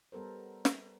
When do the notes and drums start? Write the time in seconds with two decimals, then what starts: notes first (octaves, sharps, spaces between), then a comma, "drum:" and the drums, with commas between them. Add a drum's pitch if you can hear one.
0.12 G3 B3 A4 A#4 C5
0.65 drum: snare